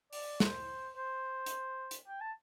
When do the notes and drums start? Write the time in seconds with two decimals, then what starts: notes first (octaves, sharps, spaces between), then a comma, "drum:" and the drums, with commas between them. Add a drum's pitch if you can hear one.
0.13 D5, drum: open hi-hat
0.40 C5, drum: snare
0.96 C5
1.46 drum: hi-hat
1.91 drum: hi-hat
2.08 G5
2.21 A5